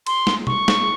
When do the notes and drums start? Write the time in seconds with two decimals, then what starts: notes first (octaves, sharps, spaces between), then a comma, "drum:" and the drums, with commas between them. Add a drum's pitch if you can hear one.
0.07 C6, drum: cymbal
0.27 drum: snare
0.47 C#6, drum: tom B2
0.68 drum: snare